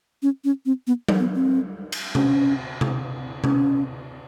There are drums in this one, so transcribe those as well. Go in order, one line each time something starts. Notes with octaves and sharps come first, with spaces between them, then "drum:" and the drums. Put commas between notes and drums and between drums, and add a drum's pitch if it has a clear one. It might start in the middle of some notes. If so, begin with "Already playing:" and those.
C#4
C#4
C4
B3
drum: tom F#3
B3
C4
drum: cymbal
C#4, drum: tom C3
drum: tom C3
C#4, drum: tom C3